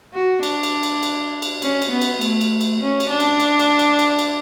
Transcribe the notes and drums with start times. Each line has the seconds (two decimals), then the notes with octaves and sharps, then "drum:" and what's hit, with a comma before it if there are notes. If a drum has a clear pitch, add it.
0.14 F#4
0.43 D4, drum: cymbal
0.63 drum: cymbal
0.83 drum: cymbal
1.03 drum: cymbal
1.42 drum: cymbal
1.62 C#4, drum: cymbal
1.82 drum: cymbal
1.91 B3
2.01 drum: cymbal
2.21 A3, drum: cymbal
2.41 drum: cymbal
2.61 drum: cymbal
2.81 C#4
3.00 drum: cymbal
3.10 D4
3.20 drum: cymbal
3.40 drum: cymbal
3.59 drum: cymbal
3.79 drum: cymbal
3.99 drum: cymbal
4.19 drum: cymbal